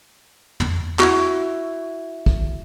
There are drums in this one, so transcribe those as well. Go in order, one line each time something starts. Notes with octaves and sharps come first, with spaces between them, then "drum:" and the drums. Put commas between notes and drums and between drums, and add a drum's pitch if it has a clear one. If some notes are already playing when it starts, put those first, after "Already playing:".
drum: tom
E4 F#4, drum: clap
drum: kick